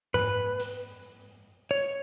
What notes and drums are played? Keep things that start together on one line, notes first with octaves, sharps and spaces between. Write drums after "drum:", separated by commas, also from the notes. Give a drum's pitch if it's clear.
B4, drum: tom G#2
drum: hi-hat
C#5